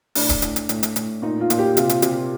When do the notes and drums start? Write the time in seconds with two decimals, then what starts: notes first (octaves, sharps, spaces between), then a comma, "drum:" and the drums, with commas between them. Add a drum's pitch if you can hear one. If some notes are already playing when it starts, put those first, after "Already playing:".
0.15 A2 D4, drum: open hi-hat
0.29 drum: kick D1, hi-hat
0.42 A2, drum: hi-hat
0.56 drum: hi-hat
0.69 A2, drum: hi-hat
0.83 drum: hi-hat
0.96 A2, drum: hi-hat
1.22 A#2 D#4
1.41 F4
1.50 A#2, drum: hi-hat
1.58 G4
1.77 C3 F4, drum: hi-hat
1.89 drum: hi-hat
2.02 C3, drum: hi-hat